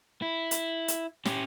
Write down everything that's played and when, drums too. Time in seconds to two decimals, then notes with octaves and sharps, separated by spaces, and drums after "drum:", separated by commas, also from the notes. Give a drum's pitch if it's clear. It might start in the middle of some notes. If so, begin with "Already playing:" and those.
0.22 E4
0.51 drum: hi-hat
0.88 drum: hi-hat
1.25 C#4 G4, drum: snare